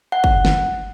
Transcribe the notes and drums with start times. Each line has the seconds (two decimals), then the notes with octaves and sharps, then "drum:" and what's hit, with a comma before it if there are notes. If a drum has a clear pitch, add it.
0.12 F#5
0.24 drum: kick
0.45 drum: snare